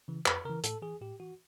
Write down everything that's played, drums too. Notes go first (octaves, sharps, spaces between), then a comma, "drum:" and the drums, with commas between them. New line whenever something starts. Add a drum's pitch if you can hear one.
C#3 E3
F2 B4, drum: clap
C#3 E3 A#4
A2 A4, drum: hi-hat
E3 G#4
A2 G4
E3 F#4